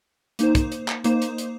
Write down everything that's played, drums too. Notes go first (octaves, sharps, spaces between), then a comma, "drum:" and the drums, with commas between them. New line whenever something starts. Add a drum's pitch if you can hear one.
A#3 D#4 C5, drum: hi-hat
drum: kick, hi-hat
drum: hi-hat
drum: clap
A#3 D#4 C5, drum: hi-hat
drum: hi-hat
drum: hi-hat